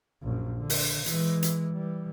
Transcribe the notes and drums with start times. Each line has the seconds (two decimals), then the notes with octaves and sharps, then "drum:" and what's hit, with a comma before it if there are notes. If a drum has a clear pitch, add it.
0.22 A#1 F#2
0.59 D3
0.70 drum: open hi-hat
1.06 E3 G#3, drum: hi-hat
1.43 drum: hi-hat
1.73 E3 G3